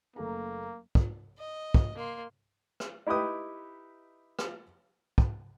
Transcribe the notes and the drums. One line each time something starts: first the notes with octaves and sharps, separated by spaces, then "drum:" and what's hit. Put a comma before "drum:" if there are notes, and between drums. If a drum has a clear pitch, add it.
F#1 A3 A#3 A#5
drum: kick
D#5
drum: kick
A#3 C6
drum: rim click
D#4 E4 G4 B4 D#6
drum: rim click
drum: kick